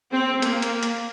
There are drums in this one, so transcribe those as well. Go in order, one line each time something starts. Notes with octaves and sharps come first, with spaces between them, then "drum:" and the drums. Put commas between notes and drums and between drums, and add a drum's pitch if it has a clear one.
C4
A#3, drum: hi-hat
drum: hi-hat
drum: hi-hat